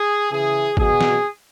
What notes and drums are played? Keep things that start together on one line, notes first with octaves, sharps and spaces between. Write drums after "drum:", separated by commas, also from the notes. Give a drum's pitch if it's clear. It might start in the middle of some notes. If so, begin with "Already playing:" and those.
Already playing: G#4
C#3 E3 G#4
B2 F#3 G#4, drum: kick
drum: snare